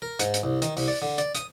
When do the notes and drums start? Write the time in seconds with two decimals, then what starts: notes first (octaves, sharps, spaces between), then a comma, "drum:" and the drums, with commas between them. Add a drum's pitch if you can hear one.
0.02 A#4
0.19 G#2, drum: hi-hat
0.34 drum: hi-hat
0.43 C2
0.62 D#3, drum: hi-hat
0.77 C2, drum: open hi-hat
0.88 D5
1.02 D3
1.18 D5, drum: hi-hat
1.35 D#6, drum: hi-hat